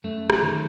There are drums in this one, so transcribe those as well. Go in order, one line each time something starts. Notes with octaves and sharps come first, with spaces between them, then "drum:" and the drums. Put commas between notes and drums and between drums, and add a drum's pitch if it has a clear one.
F#2 A3
drum: rim click
D#3 F#3